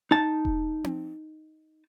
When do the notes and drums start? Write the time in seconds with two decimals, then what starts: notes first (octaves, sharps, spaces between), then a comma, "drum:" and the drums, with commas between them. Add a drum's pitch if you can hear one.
0.11 D#4 A5
0.45 drum: kick E1
0.84 drum: tom C4